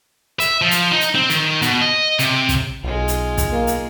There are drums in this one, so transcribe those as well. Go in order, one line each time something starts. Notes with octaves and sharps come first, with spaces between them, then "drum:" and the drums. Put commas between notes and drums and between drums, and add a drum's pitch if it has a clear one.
E5, drum: hi-hat
F3
drum: hi-hat
D#4
drum: hi-hat
C4
D#3, drum: hi-hat
B2, drum: hi-hat
D#5
C3, drum: hi-hat
drum: kick, hi-hat
B1 G#3 F4
drum: hi-hat
drum: kick, hi-hat
A#3
drum: hi-hat